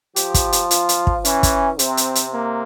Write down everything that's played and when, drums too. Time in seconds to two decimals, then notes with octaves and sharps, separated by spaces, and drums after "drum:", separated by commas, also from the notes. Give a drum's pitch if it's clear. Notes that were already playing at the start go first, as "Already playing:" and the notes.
0.16 F3 G4, drum: hi-hat
0.34 drum: kick, hi-hat
0.53 drum: hi-hat
0.71 F4, drum: hi-hat
0.89 drum: hi-hat
1.07 drum: kick
1.25 E3 C#4, drum: hi-hat
1.43 drum: kick, hi-hat
1.79 C3 C4, drum: hi-hat
1.97 drum: hi-hat
2.15 drum: hi-hat
2.34 A#3